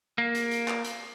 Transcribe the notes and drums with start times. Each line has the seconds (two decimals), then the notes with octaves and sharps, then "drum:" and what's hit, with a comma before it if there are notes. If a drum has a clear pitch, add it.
0.18 A#3
0.35 drum: hi-hat
0.51 drum: hi-hat
0.68 drum: clap
0.84 drum: hi-hat